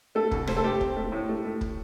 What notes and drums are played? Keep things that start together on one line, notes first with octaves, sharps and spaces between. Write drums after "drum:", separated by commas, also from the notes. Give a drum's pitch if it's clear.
A3 A4
C2, drum: kick
A3 C5, drum: rim click
A4
A3 G4
C4, drum: kick
A3
A2
A3
A3
drum: kick